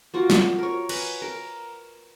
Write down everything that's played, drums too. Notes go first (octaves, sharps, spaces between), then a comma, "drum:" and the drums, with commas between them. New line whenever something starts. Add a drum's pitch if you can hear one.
A#3 F4 F#4
drum: snare
A#4 C#5
B4 F#5 G#5 A#5, drum: cymbal
A#4